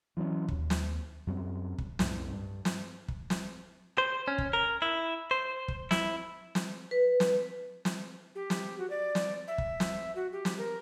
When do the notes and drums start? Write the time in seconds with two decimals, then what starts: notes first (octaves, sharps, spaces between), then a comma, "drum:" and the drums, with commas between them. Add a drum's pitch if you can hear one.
0.17 E3 F#3 C4 C#4
0.48 D#2, drum: kick
0.70 drum: snare
1.27 F#2 G3 C4
1.78 drum: kick
1.99 C2 F#2 A2, drum: snare
2.30 G2
2.65 drum: snare
3.08 drum: kick
3.30 drum: snare
3.98 C5
4.28 C#4
4.38 drum: kick
4.53 A#4
4.82 E4
5.31 C5
5.68 drum: kick
5.91 E4, drum: snare
6.55 drum: snare
6.91 B4
7.20 drum: snare
7.85 drum: snare
8.35 G4
8.50 drum: snare
8.79 F#4
8.90 D5
9.15 drum: snare
9.48 E5
9.58 drum: kick
9.80 drum: snare
10.16 F#4
10.32 G4
10.45 drum: snare
10.58 A#4